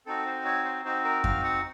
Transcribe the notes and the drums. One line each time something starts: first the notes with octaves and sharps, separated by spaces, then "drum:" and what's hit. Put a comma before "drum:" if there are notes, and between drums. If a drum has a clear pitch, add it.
C4 D#4 F#4 A4
C5
C#5
C5
C4 D#4 F#4 C5
A#4
F5, drum: kick F2
F#5